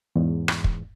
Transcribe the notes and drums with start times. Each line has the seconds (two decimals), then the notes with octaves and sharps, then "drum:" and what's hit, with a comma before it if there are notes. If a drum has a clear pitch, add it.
0.16 E2 G#2
0.48 drum: rim click
0.64 drum: kick